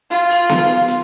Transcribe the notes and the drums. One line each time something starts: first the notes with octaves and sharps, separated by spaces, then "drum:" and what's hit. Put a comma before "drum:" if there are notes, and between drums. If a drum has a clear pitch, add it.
F4, drum: hi-hat
drum: open hi-hat
drum: snare B3
drum: hi-hat